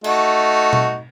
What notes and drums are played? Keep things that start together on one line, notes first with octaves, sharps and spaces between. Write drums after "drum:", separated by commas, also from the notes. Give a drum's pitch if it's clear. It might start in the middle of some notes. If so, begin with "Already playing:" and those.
A3 D#4 F#4, drum: cymbal
drum: tom B2